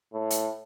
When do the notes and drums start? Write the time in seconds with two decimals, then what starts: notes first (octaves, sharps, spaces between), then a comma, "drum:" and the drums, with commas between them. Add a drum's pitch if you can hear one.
0.13 A2
0.30 drum: hi-hat